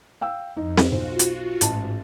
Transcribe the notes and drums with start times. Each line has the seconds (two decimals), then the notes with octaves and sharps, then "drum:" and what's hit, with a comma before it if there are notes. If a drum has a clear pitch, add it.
0.21 F5 G5 E6
0.57 F2 D#4
0.77 drum: snare C4
0.92 B1 F4 F#4 C5
1.19 drum: hi-hat
1.61 A1 G#2 A5, drum: hi-hat